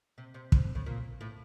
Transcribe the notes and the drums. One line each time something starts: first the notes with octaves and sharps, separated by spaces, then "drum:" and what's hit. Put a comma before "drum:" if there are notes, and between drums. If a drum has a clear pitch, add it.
C3
C3
C3, drum: kick
A2
A#2
A2